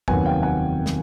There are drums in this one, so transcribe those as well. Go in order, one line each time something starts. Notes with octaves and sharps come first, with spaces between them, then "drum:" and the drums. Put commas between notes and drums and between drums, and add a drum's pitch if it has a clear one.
F1 D#2 D#3 F#3 B3 F#5 G#5, drum: kick
F5 G5
F#5 G#5
drum: snare